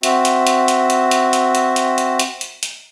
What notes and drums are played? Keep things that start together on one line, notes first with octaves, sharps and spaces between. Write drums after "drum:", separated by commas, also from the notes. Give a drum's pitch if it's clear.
C4 F#4 E5, drum: hi-hat
drum: hi-hat
drum: hi-hat
drum: hi-hat
drum: hi-hat
drum: hi-hat
drum: hi-hat
drum: hi-hat
drum: hi-hat
drum: hi-hat
drum: hi-hat
drum: hi-hat
drum: hi-hat